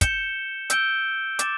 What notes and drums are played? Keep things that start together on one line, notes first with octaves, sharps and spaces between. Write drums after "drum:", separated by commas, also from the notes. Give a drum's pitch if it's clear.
G6 C#7 E7 G7, drum: kick, hi-hat
E6 G6 D7 G7, drum: hi-hat
D6 A6 E7, drum: hi-hat